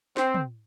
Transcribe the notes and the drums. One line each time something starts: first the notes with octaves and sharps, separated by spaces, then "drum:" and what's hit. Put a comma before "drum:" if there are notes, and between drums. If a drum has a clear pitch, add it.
C4, drum: snare
drum: tom